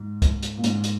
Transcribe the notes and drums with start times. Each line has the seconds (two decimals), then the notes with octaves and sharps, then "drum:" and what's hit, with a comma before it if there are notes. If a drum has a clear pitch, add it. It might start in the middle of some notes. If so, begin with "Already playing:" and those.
Already playing: G#2
0.22 drum: kick, hi-hat
0.43 drum: hi-hat
0.57 A#2
0.64 G#2, drum: hi-hat
0.84 drum: hi-hat